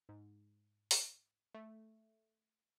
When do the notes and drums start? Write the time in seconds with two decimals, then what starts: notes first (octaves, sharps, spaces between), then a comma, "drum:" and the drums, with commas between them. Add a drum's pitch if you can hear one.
0.09 G#2
0.91 drum: open hi-hat
1.55 A3